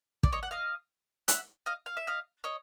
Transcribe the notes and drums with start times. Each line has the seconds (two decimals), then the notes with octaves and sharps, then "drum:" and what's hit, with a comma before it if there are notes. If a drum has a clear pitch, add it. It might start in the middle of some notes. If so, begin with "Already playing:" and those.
0.23 D5, drum: kick
0.32 C#5 D#5
0.43 F#5
0.51 D#5 F5
1.28 E5 F#5, drum: hi-hat
1.66 D#5 F5
1.86 F5
1.97 E5
2.07 D#5 F5
2.44 C#5 D#5